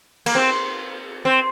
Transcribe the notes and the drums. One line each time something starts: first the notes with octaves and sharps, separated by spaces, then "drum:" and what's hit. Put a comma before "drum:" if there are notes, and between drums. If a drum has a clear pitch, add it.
A#3, drum: cymbal
C4
C4